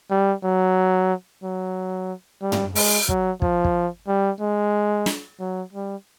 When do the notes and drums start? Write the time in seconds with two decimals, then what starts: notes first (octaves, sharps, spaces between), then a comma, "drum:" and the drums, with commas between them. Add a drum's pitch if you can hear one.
0.11 G3
0.44 F#3
1.43 F#3
2.42 G3
2.52 drum: tom
2.75 G#3, drum: open hi-hat
3.09 F#3, drum: kick
3.42 F3, drum: kick
3.65 drum: kick
4.08 G3
4.41 G#3
5.06 drum: snare
5.40 F#3
5.73 G3